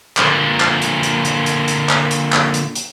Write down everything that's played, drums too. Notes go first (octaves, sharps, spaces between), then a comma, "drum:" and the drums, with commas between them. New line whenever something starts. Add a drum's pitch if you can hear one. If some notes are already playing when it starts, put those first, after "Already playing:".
A#2 D3, drum: clap
drum: clap
drum: hi-hat
drum: hi-hat
drum: hi-hat
drum: hi-hat
drum: hi-hat
drum: clap
drum: hi-hat
drum: clap
drum: hi-hat
drum: hi-hat